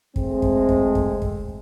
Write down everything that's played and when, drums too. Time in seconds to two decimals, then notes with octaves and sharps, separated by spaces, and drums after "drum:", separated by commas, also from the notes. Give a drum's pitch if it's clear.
0.16 G#3 A3 C4, drum: kick
0.42 drum: kick
0.69 drum: kick
0.95 drum: kick
1.22 drum: kick